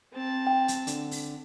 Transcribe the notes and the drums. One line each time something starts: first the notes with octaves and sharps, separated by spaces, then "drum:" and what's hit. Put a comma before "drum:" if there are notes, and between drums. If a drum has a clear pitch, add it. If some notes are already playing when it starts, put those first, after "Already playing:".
C4 A5
G5
drum: hi-hat
D3, drum: hi-hat
drum: open hi-hat